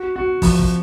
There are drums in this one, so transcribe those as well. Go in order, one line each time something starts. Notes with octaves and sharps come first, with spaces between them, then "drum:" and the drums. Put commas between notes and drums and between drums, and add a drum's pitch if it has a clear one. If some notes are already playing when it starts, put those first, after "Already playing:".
Already playing: F#4
F#4
F3, drum: kick, open hi-hat
drum: kick